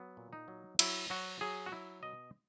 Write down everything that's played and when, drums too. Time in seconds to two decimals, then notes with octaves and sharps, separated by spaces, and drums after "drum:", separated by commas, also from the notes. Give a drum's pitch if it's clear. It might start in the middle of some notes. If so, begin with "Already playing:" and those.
Already playing: F#3 B3
0.17 A#2
0.33 D#4
0.48 F#3
0.79 F#3 E4, drum: cymbal
1.10 F#3 F#4
1.41 F#3 G#4
1.66 F#4
1.72 F#3 E4
2.03 B2 D#5